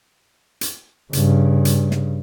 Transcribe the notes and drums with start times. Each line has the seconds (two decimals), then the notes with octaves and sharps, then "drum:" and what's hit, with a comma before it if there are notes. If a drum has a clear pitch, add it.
0.61 drum: hi-hat
1.13 G2 C#3, drum: hi-hat
1.65 drum: hi-hat
1.91 drum: snare